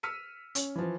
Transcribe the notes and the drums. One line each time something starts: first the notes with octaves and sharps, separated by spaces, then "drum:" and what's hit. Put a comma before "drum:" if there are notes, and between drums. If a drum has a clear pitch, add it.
E6 F6 B6 C#7 D#7
C#4, drum: hi-hat
E3 F3